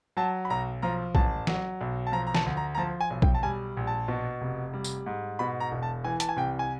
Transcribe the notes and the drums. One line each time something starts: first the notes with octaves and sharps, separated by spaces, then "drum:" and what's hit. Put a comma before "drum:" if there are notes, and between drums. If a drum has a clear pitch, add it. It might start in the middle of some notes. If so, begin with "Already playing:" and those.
F#3 A5
B5
B1 A#5
F3 A#5
A1 A5, drum: kick
F#3, drum: snare
B1
A5
F3 A#5
A#5
A5, drum: snare
D2
A#5
A#5
F3 A5
G#5
B1
G5, drum: kick
A5
G3 G#5
A#1
A5
B2
F1
G3
drum: tambourine
G#2
B2 B5
A#5
E1
A5
E3 G#5
A5, drum: hi-hat
G#5
C2 G5
G#5